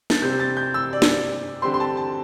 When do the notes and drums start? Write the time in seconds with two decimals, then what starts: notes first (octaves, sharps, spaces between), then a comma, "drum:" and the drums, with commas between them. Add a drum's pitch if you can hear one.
0.10 A6, drum: snare
0.22 C3 G3 C4 G6
0.40 A6
0.57 G6
0.74 E6
0.93 D5
1.02 drum: snare
1.62 D3 G3 C4 C6
1.74 C6
1.80 A5
1.97 A5